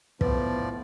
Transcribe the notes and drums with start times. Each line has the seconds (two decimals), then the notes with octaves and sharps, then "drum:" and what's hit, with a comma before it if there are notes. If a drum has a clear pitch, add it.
0.21 A2 F3 B3 B4 D5, drum: kick